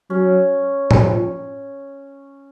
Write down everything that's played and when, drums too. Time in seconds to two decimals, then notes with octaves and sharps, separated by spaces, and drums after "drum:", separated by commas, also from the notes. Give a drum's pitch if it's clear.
0.10 F#3 C#4
0.91 drum: tom A2
1.03 F3